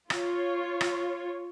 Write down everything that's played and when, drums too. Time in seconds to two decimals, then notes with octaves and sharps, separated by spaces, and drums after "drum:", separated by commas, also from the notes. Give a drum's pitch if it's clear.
0.10 F4 C#5, drum: rim click
0.81 drum: rim click